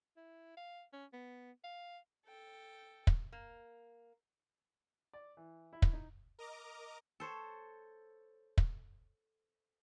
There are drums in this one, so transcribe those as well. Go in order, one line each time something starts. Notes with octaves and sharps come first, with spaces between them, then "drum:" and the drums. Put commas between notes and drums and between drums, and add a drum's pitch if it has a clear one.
E4
F5
C#4
B3
F5
A4 G5
drum: kick
A#3
D5
E3
E4
drum: kick
D#4
A#4 D#5 A#5 D6
A4 C5 C#5
drum: kick